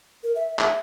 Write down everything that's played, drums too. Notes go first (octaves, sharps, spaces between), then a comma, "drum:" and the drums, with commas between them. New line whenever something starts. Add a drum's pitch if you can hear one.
A#4
E5
E5, drum: clap